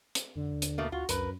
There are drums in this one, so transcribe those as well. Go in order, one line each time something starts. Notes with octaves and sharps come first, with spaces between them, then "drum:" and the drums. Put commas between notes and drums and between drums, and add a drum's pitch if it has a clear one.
drum: hi-hat
F2 D3
D#2
drum: hi-hat
B2 A3 A#3
D2 F4 F#4
C#2 F#2 A#4 B4, drum: hi-hat